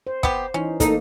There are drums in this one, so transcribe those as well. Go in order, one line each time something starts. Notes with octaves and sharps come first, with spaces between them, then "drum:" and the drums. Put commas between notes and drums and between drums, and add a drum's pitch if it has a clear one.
C5
B3 G4, drum: kick
E3 C#4 D#4
A3 A#3 D#4, drum: kick, hi-hat